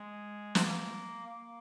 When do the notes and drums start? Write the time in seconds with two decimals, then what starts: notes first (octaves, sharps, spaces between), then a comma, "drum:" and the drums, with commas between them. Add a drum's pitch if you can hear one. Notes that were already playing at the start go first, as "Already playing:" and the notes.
Already playing: G#3
0.55 B3, drum: snare
0.64 A#3
1.26 A#3